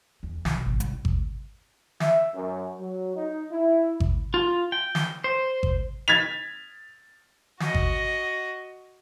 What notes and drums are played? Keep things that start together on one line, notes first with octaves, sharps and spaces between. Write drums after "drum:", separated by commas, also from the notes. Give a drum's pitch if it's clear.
E2
B1, drum: snare
G#1
C2, drum: hi-hat
drum: kick G#1
E5, drum: snare
F#2
F#3
D#4
E4
drum: kick G#1
F4
G5
drum: snare
C5
drum: kick G#1
G#6 A6 B6 F7
F#4 D#5, drum: snare
drum: kick G#1